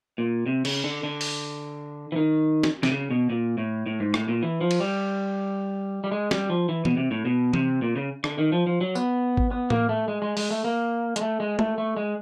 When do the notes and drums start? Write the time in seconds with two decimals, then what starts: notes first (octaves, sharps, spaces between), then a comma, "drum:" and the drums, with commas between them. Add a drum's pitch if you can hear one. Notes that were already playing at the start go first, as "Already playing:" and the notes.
0.18 A#2
0.46 C3
0.65 C#3, drum: cymbal
0.84 D3
1.03 D3
1.21 drum: open hi-hat
2.12 E3
2.16 D#3
2.64 drum: snare
2.83 C3, drum: snare
2.92 C#3
3.10 B2
3.30 A#2
3.58 A2
3.86 A2
4.00 G#2
4.14 A2, drum: rim click
4.28 A#2
4.43 E3
4.61 F3
4.71 drum: cymbal
4.80 G3
6.04 G3
6.12 G#3
6.31 G3, drum: snare
6.50 F3
6.69 E3
6.85 B2, drum: tom E3
6.97 C3
7.11 A2
7.25 B2
7.54 C3, drum: tom E3
7.82 A#2
7.96 C#3
8.24 D3, drum: rim click
8.38 D#3
8.52 F3
8.67 F3
8.81 F#3
8.95 B3, drum: tambourine
9.37 drum: kick G#1
9.51 B3
9.70 A#3, drum: tom A2
9.89 A3
10.08 G#3
10.22 G#3
10.37 G#3, drum: open hi-hat
10.51 A3
10.64 A#3
11.16 G#3, drum: hi-hat
11.21 A3
11.40 G#3
11.59 A3, drum: tom
11.78 A3
11.97 G#3